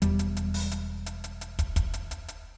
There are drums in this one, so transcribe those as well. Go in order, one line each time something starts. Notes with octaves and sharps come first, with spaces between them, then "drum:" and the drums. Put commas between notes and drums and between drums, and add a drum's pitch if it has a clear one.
E1 E2 G3, drum: hi-hat
drum: hi-hat
drum: hi-hat
drum: open hi-hat
drum: hi-hat
drum: hi-hat
drum: hi-hat
drum: hi-hat
drum: kick, hi-hat
drum: kick, hi-hat
drum: hi-hat
drum: hi-hat
drum: hi-hat